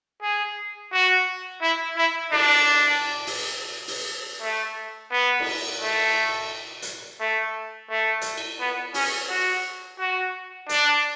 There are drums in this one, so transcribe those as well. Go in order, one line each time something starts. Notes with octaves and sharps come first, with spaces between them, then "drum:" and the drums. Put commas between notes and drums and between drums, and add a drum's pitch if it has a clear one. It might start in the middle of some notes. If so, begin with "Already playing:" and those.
G#4
F#4
E4
E4
D4, drum: cymbal
drum: open hi-hat
drum: open hi-hat
A3
B3
drum: cymbal
A3
drum: hi-hat
A3
A3
drum: hi-hat
drum: cymbal
B3
C#4, drum: open hi-hat
F#4
F#4
D4, drum: hi-hat